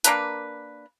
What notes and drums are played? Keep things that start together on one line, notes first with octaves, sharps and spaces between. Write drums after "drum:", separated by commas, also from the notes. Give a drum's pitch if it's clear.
A#3 D4 A#4 B4, drum: hi-hat